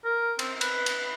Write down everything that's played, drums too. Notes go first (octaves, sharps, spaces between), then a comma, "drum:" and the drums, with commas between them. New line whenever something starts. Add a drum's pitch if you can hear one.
A#4
C4, drum: cymbal
B4, drum: cymbal
drum: cymbal